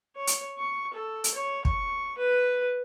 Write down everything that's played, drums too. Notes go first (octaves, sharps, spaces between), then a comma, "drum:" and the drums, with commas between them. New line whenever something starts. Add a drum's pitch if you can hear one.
C#5
drum: hi-hat
C#6
A4
drum: hi-hat
C#5
C#6, drum: kick
B4